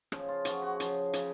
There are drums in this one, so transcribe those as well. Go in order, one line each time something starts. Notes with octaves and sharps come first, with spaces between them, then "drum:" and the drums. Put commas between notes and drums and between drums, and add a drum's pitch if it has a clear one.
C#3 F3, drum: rim click
F4
C#3 F3 F#4, drum: hi-hat
F#4
C#3 F3, drum: hi-hat
C#3 F3, drum: hi-hat